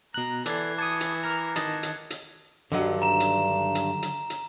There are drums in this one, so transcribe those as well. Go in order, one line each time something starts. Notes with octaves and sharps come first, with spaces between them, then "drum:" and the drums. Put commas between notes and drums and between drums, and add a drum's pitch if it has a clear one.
B2 A#5 F#6
E3 A4 D5 F#6 G#6 C7, drum: hi-hat
A5 D6 D#6 G#6 C#7
drum: hi-hat
A#5 F6
D#3 D#5 A5, drum: hi-hat
drum: hi-hat
drum: hi-hat
G2 D3 D#3 F#3
A#5 E7
drum: hi-hat
drum: hi-hat
drum: hi-hat
drum: hi-hat